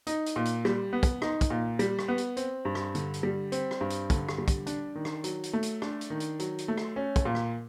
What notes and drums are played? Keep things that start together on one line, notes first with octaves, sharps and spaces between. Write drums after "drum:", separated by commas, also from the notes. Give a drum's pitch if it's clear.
D#4, drum: hi-hat
drum: hi-hat
A#2
drum: hi-hat
G3, drum: rim click
B3
drum: kick, hi-hat
D#4, drum: rim click
drum: kick, hi-hat
A#2
G3, drum: hi-hat
drum: rim click
B3
drum: hi-hat
C4, drum: hi-hat
G2
drum: rim click
D3, drum: hi-hat
drum: hi-hat
G3
C4, drum: hi-hat
drum: rim click
G2
drum: hi-hat
D3, drum: kick, hi-hat
drum: rim click
G3
drum: kick, hi-hat
D4, drum: hi-hat
D#3
drum: rim click
F#3, drum: hi-hat
drum: hi-hat
A3
drum: hi-hat
D4, drum: rim click
drum: hi-hat
D#3
drum: hi-hat
F#3, drum: hi-hat
drum: hi-hat
A3
drum: rim click
C#4
drum: kick, hi-hat
A#2
drum: rim click